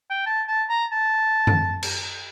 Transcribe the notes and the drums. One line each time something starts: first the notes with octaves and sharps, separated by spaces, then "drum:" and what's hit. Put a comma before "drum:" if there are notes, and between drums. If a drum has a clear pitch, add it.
G5
A5
A5
A#5
A5
drum: tom F#2
drum: cymbal